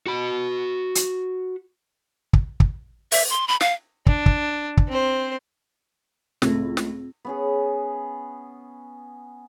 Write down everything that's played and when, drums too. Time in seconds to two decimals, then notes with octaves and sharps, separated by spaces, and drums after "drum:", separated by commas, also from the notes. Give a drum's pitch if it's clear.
0.06 F#4 B5
0.95 drum: hi-hat
2.33 drum: kick
2.60 drum: kick
3.12 E5, drum: open hi-hat
3.30 C6
3.48 B5
3.61 F5, drum: snare
4.06 D4, drum: kick
4.26 drum: kick
4.77 drum: kick
4.88 C4 C5
6.42 C#2 A2 A3 C4, drum: snare
6.77 drum: snare
7.25 B3 C#4 G#4